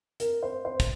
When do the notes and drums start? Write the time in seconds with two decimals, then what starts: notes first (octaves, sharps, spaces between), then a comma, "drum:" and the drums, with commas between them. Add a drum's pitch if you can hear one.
0.20 A#4, drum: hi-hat
0.43 C5
0.65 C5
0.80 drum: kick, hi-hat